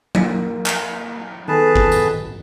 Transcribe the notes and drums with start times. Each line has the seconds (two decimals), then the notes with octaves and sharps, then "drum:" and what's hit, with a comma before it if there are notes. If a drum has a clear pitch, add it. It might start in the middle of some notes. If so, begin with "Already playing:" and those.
0.15 A#3, drum: tom F3
0.66 drum: clap
1.48 D#3 B3 G#4 A4 B4 A5
1.76 drum: kick G1
1.92 drum: tambourine